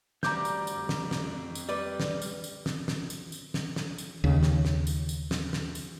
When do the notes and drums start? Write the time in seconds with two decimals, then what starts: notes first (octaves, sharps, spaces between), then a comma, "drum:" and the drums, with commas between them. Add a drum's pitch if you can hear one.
0.23 D2 G3 A#5 D6 G6, drum: snare
0.45 drum: tambourine
0.67 drum: tambourine
0.77 F2
0.89 drum: snare
1.11 drum: snare
1.55 drum: tambourine
1.69 G3 B4 D5
2.00 drum: snare
2.22 drum: tambourine
2.44 drum: tambourine
2.66 drum: snare
2.88 drum: snare
3.10 drum: tambourine
3.32 drum: tambourine
3.54 drum: snare
3.76 drum: snare
3.98 drum: tambourine
4.24 D#2 C#3
4.43 drum: snare
4.65 drum: snare
4.87 drum: tambourine
5.09 drum: tambourine
5.31 drum: snare
5.53 drum: snare
5.75 drum: tambourine